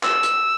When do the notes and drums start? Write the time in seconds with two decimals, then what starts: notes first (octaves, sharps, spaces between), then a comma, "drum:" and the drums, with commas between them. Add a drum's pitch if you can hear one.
0.03 E6, drum: clap
0.23 drum: hi-hat